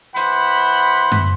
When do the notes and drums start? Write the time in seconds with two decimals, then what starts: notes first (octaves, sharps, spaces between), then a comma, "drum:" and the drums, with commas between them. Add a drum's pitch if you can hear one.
0.16 E3 C5 F#5 B5, drum: hi-hat
1.12 drum: tom F#2